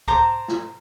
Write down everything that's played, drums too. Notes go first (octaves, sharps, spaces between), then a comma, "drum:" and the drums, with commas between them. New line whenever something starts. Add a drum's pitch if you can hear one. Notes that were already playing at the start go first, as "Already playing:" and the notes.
C5 A5 A#5 D6, drum: kick
drum: snare